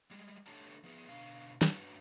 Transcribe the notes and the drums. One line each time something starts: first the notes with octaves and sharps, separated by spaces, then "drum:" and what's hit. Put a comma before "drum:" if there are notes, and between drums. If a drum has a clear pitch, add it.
G3 G#3
A3 D4 G4 A4 C#5 A5
F3 B3 G#4
B2 D3 D4 F5
G2 C#4 D4 F#4 B4 A5, drum: snare